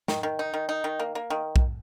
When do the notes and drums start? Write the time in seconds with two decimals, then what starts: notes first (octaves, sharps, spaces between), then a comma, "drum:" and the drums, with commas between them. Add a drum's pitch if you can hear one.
0.08 D#3, drum: snare
0.23 D#3
0.39 D#4
0.54 D#3
0.69 D#4
0.84 D#3
0.99 A#3
1.15 A#3
1.30 D#3
1.56 drum: kick